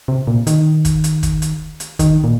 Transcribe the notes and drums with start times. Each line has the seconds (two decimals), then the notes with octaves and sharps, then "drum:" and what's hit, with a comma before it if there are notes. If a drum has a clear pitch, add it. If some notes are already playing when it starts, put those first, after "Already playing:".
0.08 C3
0.27 A#2
0.47 D#3, drum: hi-hat
0.85 drum: kick, hi-hat
1.04 drum: hi-hat
1.23 drum: kick, hi-hat
1.42 drum: hi-hat
1.80 drum: hi-hat
1.99 D#3, drum: kick, hi-hat
2.24 A#2